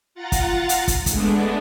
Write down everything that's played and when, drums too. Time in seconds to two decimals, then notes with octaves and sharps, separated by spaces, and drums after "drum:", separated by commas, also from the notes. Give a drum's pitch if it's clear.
0.15 F4 F#5 A#5 A6
0.32 drum: kick, hi-hat
0.69 drum: hi-hat
0.88 drum: kick, hi-hat
1.06 G#3 A3 B3 D4, drum: kick, hi-hat